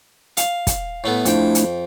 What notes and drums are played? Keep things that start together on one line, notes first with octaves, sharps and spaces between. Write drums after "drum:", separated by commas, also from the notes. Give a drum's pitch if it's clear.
F5, drum: hi-hat
drum: kick, hi-hat
A2 A3 B3
F2 A3 D4 E4 G5, drum: hi-hat
drum: hi-hat